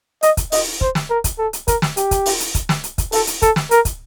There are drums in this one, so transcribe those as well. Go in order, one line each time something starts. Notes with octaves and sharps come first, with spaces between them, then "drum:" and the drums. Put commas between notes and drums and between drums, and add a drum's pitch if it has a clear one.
D#5, drum: hi-hat
drum: kick, hi-hat
D#5, drum: open hi-hat
C5, drum: kick
drum: snare
A#4
drum: kick, hi-hat
A4
drum: hi-hat
A#4, drum: kick, hi-hat
drum: snare
G4, drum: hi-hat
drum: kick, hi-hat
drum: open hi-hat
drum: hi-hat
drum: kick, hi-hat
drum: snare
drum: hi-hat
drum: kick, hi-hat
A4, drum: open hi-hat
drum: hi-hat
A4, drum: kick, hi-hat
drum: snare
A#4, drum: hi-hat
drum: kick, hi-hat